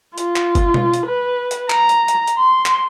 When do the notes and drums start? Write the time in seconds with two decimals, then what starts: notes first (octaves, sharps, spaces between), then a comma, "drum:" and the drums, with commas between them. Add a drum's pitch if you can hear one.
0.18 F4, drum: hi-hat
0.36 drum: clap
0.55 drum: kick F#1, hi-hat
0.74 drum: tom B2
0.94 drum: hi-hat
1.06 B4
1.51 drum: hi-hat
1.70 A#5, drum: clap
1.89 drum: hi-hat
2.08 drum: hi-hat
2.27 drum: hi-hat
2.39 C6
2.66 drum: clap